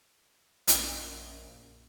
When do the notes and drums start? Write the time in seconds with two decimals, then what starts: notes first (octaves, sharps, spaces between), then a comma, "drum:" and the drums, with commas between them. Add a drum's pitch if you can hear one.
0.68 A#1 F#2 A#2 C#4, drum: hi-hat